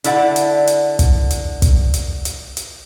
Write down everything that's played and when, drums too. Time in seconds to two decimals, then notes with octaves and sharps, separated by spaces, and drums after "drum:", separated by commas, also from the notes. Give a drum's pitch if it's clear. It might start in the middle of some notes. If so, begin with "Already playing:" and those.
0.04 D3 E4 D5 F#5, drum: hi-hat
0.36 drum: hi-hat
0.67 drum: hi-hat
0.99 drum: kick, hi-hat
1.30 drum: hi-hat
1.62 drum: kick, hi-hat
1.94 drum: hi-hat
2.25 drum: hi-hat
2.57 drum: hi-hat